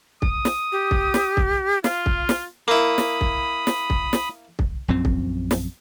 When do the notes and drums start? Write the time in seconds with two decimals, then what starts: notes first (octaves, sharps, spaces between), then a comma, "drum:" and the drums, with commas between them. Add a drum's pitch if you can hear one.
0.22 D#6, drum: kick
0.45 drum: snare
0.72 G4
0.91 drum: kick
1.14 drum: snare
1.37 drum: kick
1.84 F4 F5, drum: snare
2.06 drum: kick
2.29 drum: snare
2.68 A#3 E4 B5 D#6
2.98 drum: snare
3.21 drum: kick
3.67 drum: snare
3.90 drum: kick
4.13 drum: snare
4.59 drum: kick
4.88 A#1 F#2 A#2 C4
5.05 drum: kick
5.51 drum: snare